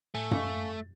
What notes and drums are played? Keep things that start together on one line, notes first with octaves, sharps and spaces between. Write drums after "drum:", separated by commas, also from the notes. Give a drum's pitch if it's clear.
A2 A3 G#5
F5 G#5 C#6, drum: tom F#2